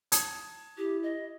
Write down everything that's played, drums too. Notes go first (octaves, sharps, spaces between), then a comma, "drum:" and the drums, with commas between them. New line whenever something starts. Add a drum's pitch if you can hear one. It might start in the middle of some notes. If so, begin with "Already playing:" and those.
A5 D#6 G#6, drum: hi-hat
E4 G4
D#5